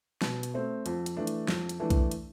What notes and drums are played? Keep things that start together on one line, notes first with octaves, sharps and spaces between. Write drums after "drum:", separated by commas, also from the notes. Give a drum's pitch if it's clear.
B2, drum: snare
drum: hi-hat
A3 C4
F2, drum: hi-hat
drum: hi-hat
E3 A3 D4
drum: hi-hat
F2, drum: snare
drum: hi-hat
E3 A3 D4
drum: kick B1, hi-hat
drum: hi-hat